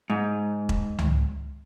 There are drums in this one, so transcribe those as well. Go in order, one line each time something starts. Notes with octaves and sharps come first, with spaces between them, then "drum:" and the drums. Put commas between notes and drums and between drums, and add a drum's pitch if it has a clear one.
G#2
drum: kick E1
drum: tom C#2